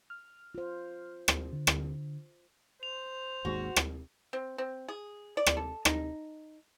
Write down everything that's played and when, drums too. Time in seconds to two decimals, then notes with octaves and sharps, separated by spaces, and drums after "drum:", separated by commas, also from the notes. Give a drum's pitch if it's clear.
0.10 F6
0.55 F4 C5
1.28 drum: rim click
1.53 D3
1.67 drum: rim click
2.83 C5 F7
3.45 G#1 D#2 G#2 F#4
3.76 drum: rim click
4.33 C4
4.58 C4
4.88 G#4
5.37 D5
5.46 drum: rim click
5.57 A4
5.85 D#4, drum: rim click